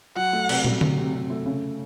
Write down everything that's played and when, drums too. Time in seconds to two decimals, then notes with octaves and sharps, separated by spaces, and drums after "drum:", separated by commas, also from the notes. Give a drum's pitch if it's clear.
0.16 F#3 F#5
0.33 A3
0.49 C3, drum: cymbal
0.64 F#3, drum: tom
0.81 C3, drum: tom D3
0.98 C3
1.14 C3
1.30 A3
1.46 C#3